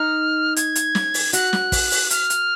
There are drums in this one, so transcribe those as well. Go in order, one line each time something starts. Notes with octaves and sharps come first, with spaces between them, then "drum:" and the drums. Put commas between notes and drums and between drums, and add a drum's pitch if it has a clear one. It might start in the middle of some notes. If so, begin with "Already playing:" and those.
Already playing: D#4 F6
G#6, drum: hi-hat
drum: hi-hat
drum: snare
drum: open hi-hat
F#4 F#6, drum: hi-hat
drum: snare
drum: kick, open hi-hat
drum: open hi-hat
F6, drum: hi-hat
drum: hi-hat